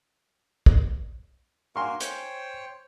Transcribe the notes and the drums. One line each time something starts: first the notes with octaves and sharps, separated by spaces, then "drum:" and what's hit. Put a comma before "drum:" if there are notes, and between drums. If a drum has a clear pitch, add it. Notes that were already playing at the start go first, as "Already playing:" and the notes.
drum: kick
A#3 F#4 A#4 G#5 C6 C#6
C5 C#5 G5, drum: hi-hat